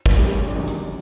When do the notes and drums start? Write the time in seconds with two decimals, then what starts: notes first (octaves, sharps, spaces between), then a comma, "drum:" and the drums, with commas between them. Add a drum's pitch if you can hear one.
0.06 drum: kick
0.17 G#1 F#2 C#3 G4
0.47 D4
0.55 E2 C3 D#3 F#3 D#4
0.68 drum: hi-hat